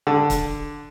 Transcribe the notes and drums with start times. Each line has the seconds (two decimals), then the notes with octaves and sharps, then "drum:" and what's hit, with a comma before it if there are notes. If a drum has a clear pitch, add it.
0.07 D3
0.30 drum: kick C#1, hi-hat